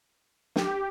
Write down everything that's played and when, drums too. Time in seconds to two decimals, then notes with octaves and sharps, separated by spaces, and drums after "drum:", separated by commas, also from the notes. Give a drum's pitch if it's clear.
0.56 G4, drum: snare